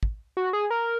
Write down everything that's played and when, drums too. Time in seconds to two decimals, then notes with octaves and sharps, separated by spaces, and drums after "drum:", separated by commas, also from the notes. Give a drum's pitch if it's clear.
0.03 drum: kick
0.37 F#4
0.53 G#4
0.70 A#4